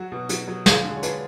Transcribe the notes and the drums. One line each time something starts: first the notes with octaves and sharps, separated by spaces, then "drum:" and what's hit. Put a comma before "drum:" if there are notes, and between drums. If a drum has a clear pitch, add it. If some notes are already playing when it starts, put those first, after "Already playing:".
Already playing: F#3 F#4
B2
F#3 F#4, drum: hi-hat
F#3
G#3 F4, drum: snare
D3
G#4
C#5
D4 B4, drum: hi-hat